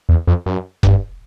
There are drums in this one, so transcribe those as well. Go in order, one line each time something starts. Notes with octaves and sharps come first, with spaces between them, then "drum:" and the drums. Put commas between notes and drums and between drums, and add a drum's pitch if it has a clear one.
E2
F2
F#2
G2, drum: kick F1